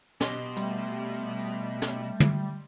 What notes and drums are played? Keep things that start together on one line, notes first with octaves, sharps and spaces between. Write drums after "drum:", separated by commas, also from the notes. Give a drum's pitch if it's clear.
B2 G4 D#5 C6, drum: snare
G3 A3, drum: hi-hat
drum: snare
drum: tom